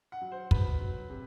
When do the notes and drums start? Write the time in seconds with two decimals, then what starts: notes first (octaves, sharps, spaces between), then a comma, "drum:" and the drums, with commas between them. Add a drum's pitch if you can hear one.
0.12 F#5
0.22 F#3
0.32 C5
0.51 B2 B4, drum: kick
0.80 F#3
1.10 C3